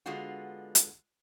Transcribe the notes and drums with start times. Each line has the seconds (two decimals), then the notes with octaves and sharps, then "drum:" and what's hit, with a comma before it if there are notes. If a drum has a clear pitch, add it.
0.06 D3 G#3 B3 F4 F#4
0.75 drum: hi-hat